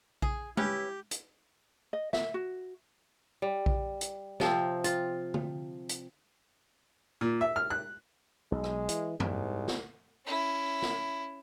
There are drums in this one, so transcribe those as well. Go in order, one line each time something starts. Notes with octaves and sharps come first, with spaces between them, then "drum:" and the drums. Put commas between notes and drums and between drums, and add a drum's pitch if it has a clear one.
G#4, drum: kick A#1
C#4 E4 G4 B4, drum: tom G#3
drum: hi-hat
D#5
E5, drum: snare
F#4
G3
drum: kick A#1
drum: hi-hat
C3 F3 C4, drum: snare
F4, drum: hi-hat
drum: tom
drum: hi-hat
A#2
E5
F6
F#6
B1 G#3
drum: rim click
E3, drum: hi-hat
C2 G#2, drum: tom F#2
drum: snare
C#4 E4
drum: snare